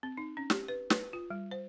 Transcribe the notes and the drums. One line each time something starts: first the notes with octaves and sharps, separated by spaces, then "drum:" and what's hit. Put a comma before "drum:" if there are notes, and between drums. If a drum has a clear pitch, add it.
C4
D#4
C#4
G4, drum: snare
B4
B4, drum: snare
F4
G3
C5